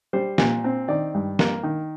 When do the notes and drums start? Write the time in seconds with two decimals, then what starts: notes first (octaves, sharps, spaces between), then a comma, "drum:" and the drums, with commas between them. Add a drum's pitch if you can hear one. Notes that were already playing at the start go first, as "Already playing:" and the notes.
0.13 G3 C5
0.38 A#2, drum: snare
0.64 C4
0.88 D#3 D5
1.14 G2
1.39 A#3, drum: snare
1.63 D#3